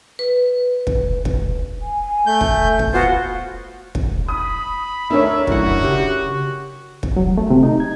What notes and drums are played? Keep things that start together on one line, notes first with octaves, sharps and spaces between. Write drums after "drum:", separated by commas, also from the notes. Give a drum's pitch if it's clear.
B4
drum: kick
drum: kick
G#5
A3 G6
drum: kick
drum: kick
B3 F4 F#4 C5 F5
drum: kick
B5 D#6
D2 A3 D4 D#4 A#4 C#5 E5
F#2 E4 F#4 F#5, drum: kick
C#3 G4
drum: kick
F#3
A3
C3
D#4
G#6